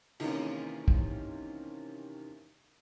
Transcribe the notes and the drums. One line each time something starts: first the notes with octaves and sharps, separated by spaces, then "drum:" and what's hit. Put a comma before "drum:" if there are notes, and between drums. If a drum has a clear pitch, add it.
C3 D#3 E3 A#3 C#4, drum: cymbal
drum: kick